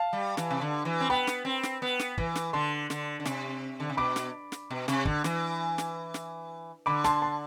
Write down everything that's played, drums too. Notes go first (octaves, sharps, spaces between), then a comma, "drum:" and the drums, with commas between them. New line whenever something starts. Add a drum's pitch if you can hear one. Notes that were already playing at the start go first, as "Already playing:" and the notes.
Already playing: F5 A5
G3
E3, drum: snare
C3
D3
E3
C4
B3 G5 B5
drum: snare
C4
drum: snare
B3
drum: snare
E3, drum: kick
drum: snare
D3 A5 C6
D3, drum: snare
D3
C3, drum: snare
D3
C3
B2 B5 D6
drum: snare
drum: snare
B2
C3, drum: snare
D3, drum: kick
E3, drum: snare
drum: snare
drum: snare
D3 B5 D6
A5 C6, drum: snare
A5 C6